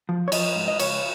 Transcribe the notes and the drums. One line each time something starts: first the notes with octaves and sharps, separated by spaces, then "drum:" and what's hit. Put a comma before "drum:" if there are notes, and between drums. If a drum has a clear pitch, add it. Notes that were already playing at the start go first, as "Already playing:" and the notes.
F3
C#5
F3 D#5, drum: cymbal
G#2
D#5
C#2 C#5, drum: cymbal